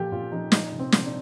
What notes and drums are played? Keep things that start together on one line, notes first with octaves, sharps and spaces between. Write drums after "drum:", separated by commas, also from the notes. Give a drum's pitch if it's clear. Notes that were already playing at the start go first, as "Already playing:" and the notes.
Already playing: A#2 F3 G4 A4
A#2 F4
F3 D#4
F3 D#4, drum: snare
C3
C4
F3, drum: snare
D4